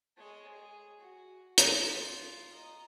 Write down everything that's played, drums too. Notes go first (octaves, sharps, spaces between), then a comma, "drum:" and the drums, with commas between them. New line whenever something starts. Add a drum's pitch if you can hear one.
G#3 C#5
G#4
F#4
drum: hi-hat
F4
D#5 A#5